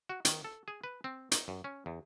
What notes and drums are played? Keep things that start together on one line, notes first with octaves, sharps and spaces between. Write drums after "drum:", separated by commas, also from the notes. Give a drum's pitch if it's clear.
F#4
D#3, drum: hi-hat
A4
G#4
B4
C4
D#4, drum: hi-hat
F#2
C#4
E2